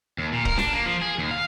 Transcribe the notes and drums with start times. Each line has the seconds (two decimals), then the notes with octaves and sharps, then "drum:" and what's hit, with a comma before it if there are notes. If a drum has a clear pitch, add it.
0.18 D#2
0.32 A#2
0.45 A#4, drum: kick C#1
0.57 D4, drum: snare
0.73 A#3
0.85 F3
1.02 G#4
1.18 D#2
1.31 F5